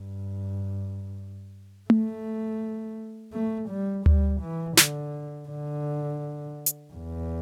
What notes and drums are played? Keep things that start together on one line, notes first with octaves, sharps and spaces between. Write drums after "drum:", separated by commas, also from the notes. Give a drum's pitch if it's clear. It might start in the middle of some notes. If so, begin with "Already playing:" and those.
Already playing: G2
A3, drum: tom A3
A3
G3
G3, drum: tom D2
E3
D3, drum: snare
D3
drum: hi-hat
E2